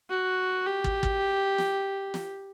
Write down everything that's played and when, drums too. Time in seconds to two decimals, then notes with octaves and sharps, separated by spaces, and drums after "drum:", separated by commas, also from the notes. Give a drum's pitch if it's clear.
0.10 F#4
0.66 G4
0.84 drum: kick
1.03 drum: kick
1.58 drum: snare
2.14 drum: snare